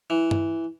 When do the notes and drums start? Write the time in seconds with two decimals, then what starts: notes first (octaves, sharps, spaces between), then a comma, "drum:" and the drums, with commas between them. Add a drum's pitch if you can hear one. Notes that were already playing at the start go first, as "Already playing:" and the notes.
0.10 E3
0.31 drum: tom G2